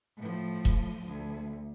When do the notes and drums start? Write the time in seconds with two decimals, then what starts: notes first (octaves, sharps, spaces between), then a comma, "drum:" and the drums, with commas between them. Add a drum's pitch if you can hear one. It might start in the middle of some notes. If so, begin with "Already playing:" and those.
0.17 A2 F3
0.65 drum: kick E1
1.05 D2